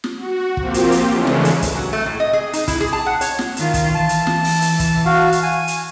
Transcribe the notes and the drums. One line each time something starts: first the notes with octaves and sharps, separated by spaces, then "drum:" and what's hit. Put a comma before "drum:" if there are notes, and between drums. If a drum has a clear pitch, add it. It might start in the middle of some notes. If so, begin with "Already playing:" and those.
drum: snare
F#4
F3 A#3 C4 F4 G4, drum: kick
drum: hi-hat
drum: hi-hat
C#3 E3 G#3 A3 C#4 D4
drum: snare
drum: hi-hat
drum: kick, hi-hat
F#3
A3
A2
D#5
G#4
D#4, drum: hi-hat
E4, drum: kick, hi-hat
G#4
A5
F#5
C#5, drum: hi-hat
drum: snare
D#3 F4, drum: hi-hat
drum: kick, hi-hat
E3 A5
drum: hi-hat
drum: snare
drum: open hi-hat
drum: hi-hat
drum: kick, hi-hat
F#4 F5
drum: hi-hat
G#5
drum: hi-hat